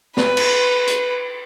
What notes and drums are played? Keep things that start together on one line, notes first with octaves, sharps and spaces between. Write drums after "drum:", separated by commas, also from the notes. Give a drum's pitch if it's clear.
B4, drum: snare
drum: cymbal
drum: hi-hat